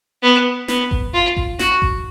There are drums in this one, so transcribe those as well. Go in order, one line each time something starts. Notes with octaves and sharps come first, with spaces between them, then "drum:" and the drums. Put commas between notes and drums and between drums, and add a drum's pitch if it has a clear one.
B3
B3, drum: snare
drum: kick G#1
F4
drum: kick G#1
F#4, drum: snare
drum: kick G#1